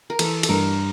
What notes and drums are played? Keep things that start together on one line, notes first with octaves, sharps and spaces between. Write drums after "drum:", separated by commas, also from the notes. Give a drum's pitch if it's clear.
A#4
E3 A4, drum: cymbal
A4, drum: cymbal
G2 A#4